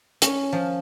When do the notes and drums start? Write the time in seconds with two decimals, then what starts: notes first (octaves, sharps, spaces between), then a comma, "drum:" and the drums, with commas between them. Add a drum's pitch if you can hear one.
0.22 C#4, drum: hi-hat
0.53 F3